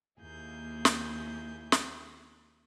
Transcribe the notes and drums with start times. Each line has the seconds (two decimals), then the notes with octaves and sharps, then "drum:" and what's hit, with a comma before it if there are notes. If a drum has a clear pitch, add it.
0.20 D#2 A#3 E4 G#4 G6
0.85 drum: snare
1.72 drum: snare